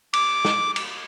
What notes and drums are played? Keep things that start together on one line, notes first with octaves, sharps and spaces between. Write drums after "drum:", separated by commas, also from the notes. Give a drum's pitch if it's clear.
D6, drum: cymbal
drum: snare
drum: cymbal